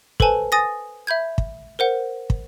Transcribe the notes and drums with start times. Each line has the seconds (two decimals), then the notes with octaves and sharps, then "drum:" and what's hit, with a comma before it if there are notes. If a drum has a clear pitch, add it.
0.20 A4 B4 C5 G#5 A5, drum: kick
0.52 G#5 D#6 A6 A#6
1.07 E5 B5 G6 G#6
1.38 drum: kick
1.79 A#4 C5 F#5
2.30 drum: kick